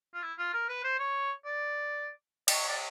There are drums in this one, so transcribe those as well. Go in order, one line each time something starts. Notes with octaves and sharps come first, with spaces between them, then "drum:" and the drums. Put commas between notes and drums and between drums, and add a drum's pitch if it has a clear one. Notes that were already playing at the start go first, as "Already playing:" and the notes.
F4
E4
F4
A#4
B4
C5
C#5
D5
D5, drum: cymbal
C#5
D5